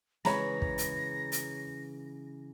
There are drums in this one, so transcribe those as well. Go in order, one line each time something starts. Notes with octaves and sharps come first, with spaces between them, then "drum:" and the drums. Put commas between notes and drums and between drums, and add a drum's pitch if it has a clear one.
C#3 E3 G#3 C#5 A#5 B5 A#6, drum: snare
drum: kick
drum: hi-hat
drum: hi-hat